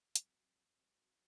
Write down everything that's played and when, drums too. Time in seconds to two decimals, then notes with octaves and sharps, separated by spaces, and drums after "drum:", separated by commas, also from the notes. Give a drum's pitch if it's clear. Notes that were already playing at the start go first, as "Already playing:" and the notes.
0.16 G#2 F#3 C4 F#4, drum: hi-hat